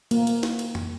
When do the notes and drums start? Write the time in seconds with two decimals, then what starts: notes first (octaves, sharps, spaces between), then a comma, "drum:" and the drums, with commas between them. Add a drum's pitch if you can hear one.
0.11 A#3, drum: cymbal
0.27 drum: cymbal
0.43 drum: snare
0.59 drum: cymbal
0.75 drum: tom F2